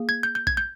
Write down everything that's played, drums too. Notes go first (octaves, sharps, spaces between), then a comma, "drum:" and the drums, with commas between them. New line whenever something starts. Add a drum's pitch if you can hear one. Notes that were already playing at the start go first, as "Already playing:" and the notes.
Already playing: A#3 G#4
G#6
G6
G6
G#6, drum: kick A#1
G6